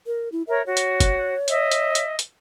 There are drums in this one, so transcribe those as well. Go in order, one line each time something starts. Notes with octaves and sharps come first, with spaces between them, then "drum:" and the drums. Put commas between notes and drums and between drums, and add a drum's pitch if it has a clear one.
A#4
E4
A#4 C#5 E5
F#4 C#5
drum: hi-hat
drum: kick, hi-hat
D#5 E5, drum: hi-hat
drum: hi-hat
drum: hi-hat
drum: hi-hat